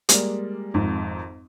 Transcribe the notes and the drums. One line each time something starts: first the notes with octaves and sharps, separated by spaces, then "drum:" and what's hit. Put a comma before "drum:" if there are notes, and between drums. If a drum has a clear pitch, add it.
G3 G#3 A#3 D5, drum: hi-hat
G#1 F2 G#2 D#3